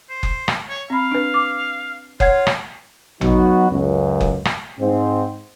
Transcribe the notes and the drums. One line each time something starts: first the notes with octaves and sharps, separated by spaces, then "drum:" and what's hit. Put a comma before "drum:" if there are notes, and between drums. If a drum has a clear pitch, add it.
C5
drum: kick F#1
drum: rim click
C#5
C4 F5 B5
D4 B4
D6
F4 C#5 F#5 G#6, drum: kick F#1
drum: rim click
F#3 B3 D#4 F#4, drum: tom A1
C#2 F#2
drum: kick F#1
drum: rim click
G#2 C4